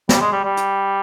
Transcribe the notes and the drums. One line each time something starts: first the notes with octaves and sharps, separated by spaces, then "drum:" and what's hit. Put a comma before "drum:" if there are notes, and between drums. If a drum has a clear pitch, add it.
G3, drum: snare
G#3
G3
G3
drum: hi-hat